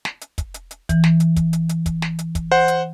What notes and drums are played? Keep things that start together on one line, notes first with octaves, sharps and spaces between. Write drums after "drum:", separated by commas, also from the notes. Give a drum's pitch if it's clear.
drum: snare
drum: hi-hat
drum: kick, hi-hat
drum: hi-hat
drum: hi-hat
E3, drum: kick, hi-hat
drum: snare
drum: hi-hat
drum: kick, hi-hat
drum: hi-hat
drum: hi-hat
drum: kick, hi-hat
drum: snare
drum: hi-hat
drum: kick, hi-hat
C5 F#5
drum: hi-hat